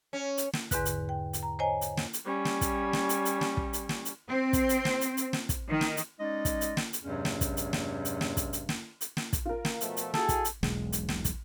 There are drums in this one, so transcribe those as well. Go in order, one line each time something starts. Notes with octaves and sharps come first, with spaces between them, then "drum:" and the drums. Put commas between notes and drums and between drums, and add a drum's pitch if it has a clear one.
C#4
drum: hi-hat
drum: snare
E2 G#2 D3 B4 F#6, drum: kick, hi-hat
drum: hi-hat
G5
drum: hi-hat
A#5
C5 C#5 D#5 G#5 A#5
drum: hi-hat
drum: snare
drum: hi-hat
G3 C#4
drum: snare
drum: kick, hi-hat
drum: snare
drum: hi-hat
drum: hi-hat
drum: snare
drum: kick
drum: hi-hat
drum: snare
drum: hi-hat
C4
drum: kick, hi-hat
drum: hi-hat
drum: snare
drum: hi-hat
drum: hi-hat
drum: snare
drum: kick, hi-hat
D#3
drum: snare
drum: hi-hat
G#3 C#4 D#4 D5 D#5
drum: kick, hi-hat
drum: hi-hat
drum: snare
drum: hi-hat
E2 G2 C3 F#3 G#3 C#4
drum: snare
drum: kick, hi-hat
drum: hi-hat
drum: snare
drum: hi-hat
drum: snare
drum: kick, hi-hat
drum: hi-hat
drum: snare
drum: hi-hat
drum: snare
drum: kick, hi-hat
F4 A#4
drum: snare
B2 F3 A3, drum: hi-hat
drum: hi-hat
E4 F#4 G#4 A4, drum: snare
drum: kick, hi-hat
drum: hi-hat
E1 B1 G#3, drum: snare
drum: hi-hat
drum: snare
drum: kick, hi-hat